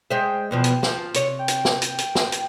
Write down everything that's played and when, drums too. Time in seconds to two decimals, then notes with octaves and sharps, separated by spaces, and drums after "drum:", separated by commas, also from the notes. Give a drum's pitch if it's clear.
0.10 G#3 C5 E5 G5
0.51 E2 B2 F3
0.64 drum: hi-hat
0.83 F3, drum: snare
1.14 C3 C#5, drum: hi-hat
1.39 G5
1.48 drum: hi-hat
1.65 drum: snare
1.82 drum: hi-hat
1.98 drum: hi-hat
2.15 drum: snare
2.32 drum: hi-hat